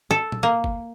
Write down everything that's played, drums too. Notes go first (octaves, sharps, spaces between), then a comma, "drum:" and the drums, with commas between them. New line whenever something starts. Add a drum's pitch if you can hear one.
A4
drum: tom A#2
A#3
drum: kick G1